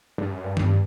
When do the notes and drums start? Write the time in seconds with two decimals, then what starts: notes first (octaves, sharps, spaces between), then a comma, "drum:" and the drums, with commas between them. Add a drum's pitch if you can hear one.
0.18 G2
0.31 F#2
0.44 G2
0.57 G2, drum: tom D#3